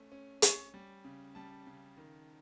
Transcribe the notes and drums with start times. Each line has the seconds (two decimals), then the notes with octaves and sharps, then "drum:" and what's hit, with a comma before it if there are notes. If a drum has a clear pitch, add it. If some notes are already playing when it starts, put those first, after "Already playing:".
Already playing: A3 C#4
0.12 C#4
0.42 C#4, drum: hi-hat
0.74 G3
1.04 C#3
1.35 G3 A5
1.67 C#3
1.98 D#3